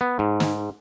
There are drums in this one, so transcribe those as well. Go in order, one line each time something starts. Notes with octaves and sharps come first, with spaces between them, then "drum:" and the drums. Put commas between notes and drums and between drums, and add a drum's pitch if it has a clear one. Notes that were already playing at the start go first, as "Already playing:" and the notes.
B3
G#2
drum: snare